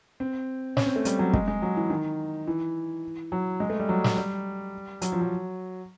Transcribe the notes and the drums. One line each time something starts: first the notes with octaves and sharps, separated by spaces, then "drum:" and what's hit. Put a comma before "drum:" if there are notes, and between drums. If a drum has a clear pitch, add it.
C4
C#4, drum: snare
C4
A3
G3, drum: hi-hat
F#3
G#3, drum: kick
G#3
F#3
E3
D#3
E3
F#3
G#3
A3
G3
F#3
drum: snare
G3
F#3, drum: hi-hat
F3
F#3